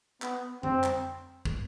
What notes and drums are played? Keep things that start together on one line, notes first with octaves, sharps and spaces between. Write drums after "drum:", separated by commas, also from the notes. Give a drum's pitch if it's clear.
B3, drum: clap
C4, drum: tom F2
drum: clap
drum: kick